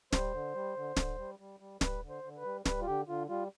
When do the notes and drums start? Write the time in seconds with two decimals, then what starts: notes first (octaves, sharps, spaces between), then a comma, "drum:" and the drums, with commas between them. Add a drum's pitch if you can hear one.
0.13 G3 C5, drum: snare
0.34 D3
0.55 G3
0.77 D3
0.97 D3, drum: snare
1.18 G3
1.39 G3
1.60 G3
1.81 G3 B4, drum: snare
2.03 D3
2.09 C5
2.23 D3
2.37 B4
2.44 G3
2.65 G3 B4, drum: snare
2.81 F4
2.87 D3 G4
3.07 D3 F4
3.29 G3 F4